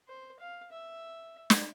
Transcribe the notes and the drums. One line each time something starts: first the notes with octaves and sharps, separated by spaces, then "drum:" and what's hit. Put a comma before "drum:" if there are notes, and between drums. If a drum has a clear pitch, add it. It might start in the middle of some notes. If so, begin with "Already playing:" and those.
C5
F5
E5
drum: snare